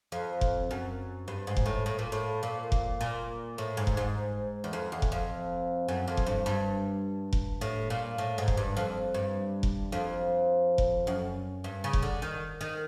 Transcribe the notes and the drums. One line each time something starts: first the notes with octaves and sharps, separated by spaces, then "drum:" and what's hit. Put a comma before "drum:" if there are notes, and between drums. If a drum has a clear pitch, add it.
F2
drum: kick F1
F#2
G2
G#2
drum: kick F1
A2
A2
A#2
A2
A#2
drum: kick F1
A#2
A2
G#2
drum: kick F1
G#2
E2
F2
E2
drum: kick F1
F2
F#2
F2
drum: kick F1
G2
G2
drum: kick F1
A2
A#2
A2
G#2
drum: kick F1
G2
F2
G2
drum: kick F1
F2
drum: kick F1
F#2
G2
C#3
drum: kick F1
D3
D#3
D#3